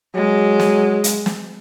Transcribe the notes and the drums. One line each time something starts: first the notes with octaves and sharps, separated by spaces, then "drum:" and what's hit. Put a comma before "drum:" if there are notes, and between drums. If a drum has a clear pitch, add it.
F#3 G#3
drum: snare
drum: hi-hat
drum: snare